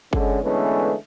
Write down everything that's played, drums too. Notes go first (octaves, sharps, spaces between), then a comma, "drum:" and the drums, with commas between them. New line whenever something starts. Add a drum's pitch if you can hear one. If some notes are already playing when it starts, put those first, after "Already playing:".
D3 G#3 C#4, drum: kick G1
D3 E3 G#3 A3 B3 C#4